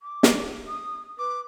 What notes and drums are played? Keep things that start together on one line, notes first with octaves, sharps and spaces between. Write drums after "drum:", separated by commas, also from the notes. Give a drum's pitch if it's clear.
D6
drum: snare
D#6
B4 D6